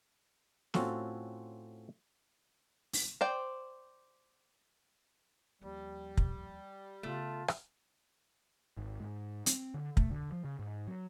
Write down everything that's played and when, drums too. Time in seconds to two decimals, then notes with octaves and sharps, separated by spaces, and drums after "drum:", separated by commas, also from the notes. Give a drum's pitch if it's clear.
0.74 A2 C4 C#4 F4 F#4 A4, drum: snare
2.93 drum: open hi-hat
3.21 C5 D5 G5
5.62 D#2 F3 G3
6.17 drum: kick
7.03 C#3 A3 B3 F4
7.48 drum: rim click
8.77 G#1
9.00 G#2
9.46 C4, drum: hi-hat
9.74 D3
9.97 A3, drum: kick
10.11 D3
10.32 F3
10.44 C#3
10.59 G#2
10.87 F#3